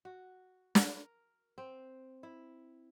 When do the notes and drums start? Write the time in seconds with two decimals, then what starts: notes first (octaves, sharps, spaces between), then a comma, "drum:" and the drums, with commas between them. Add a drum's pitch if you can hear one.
0.05 F#4
0.75 A#4, drum: snare
1.58 C4
2.23 E4